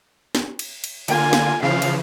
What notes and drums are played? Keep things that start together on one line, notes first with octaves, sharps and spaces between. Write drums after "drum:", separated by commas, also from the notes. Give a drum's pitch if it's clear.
drum: snare
drum: cymbal
drum: cymbal
D3 A#3 F4 G#5, drum: cymbal
drum: snare
C#3 E3 F3 F5
drum: cymbal